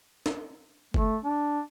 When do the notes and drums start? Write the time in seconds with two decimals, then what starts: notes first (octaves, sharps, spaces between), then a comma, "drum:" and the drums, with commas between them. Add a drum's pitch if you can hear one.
0.26 drum: snare
0.94 A3, drum: kick F#1
1.24 D4